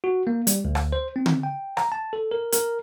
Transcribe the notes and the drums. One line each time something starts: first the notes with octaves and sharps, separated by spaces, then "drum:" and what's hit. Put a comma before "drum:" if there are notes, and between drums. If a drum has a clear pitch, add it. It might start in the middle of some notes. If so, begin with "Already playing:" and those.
F#4
A#3
G3, drum: hi-hat
D2
drum: rim click
C5
C4
drum: tom D3
G5
A#5, drum: rim click
A5
A4
A#4
A#4, drum: hi-hat